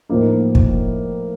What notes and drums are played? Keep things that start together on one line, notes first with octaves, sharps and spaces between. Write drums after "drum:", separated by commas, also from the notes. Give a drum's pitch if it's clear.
A2 F3 A#3 D#4
drum: kick